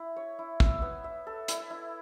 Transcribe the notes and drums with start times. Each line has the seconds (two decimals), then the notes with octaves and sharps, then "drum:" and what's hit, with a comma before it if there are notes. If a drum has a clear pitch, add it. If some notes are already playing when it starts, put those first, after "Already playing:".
Already playing: E4
0.16 C#5
0.39 E4
0.60 E5, drum: kick
0.82 B3
1.04 E5
1.27 A4
1.48 E4, drum: hi-hat
1.71 E4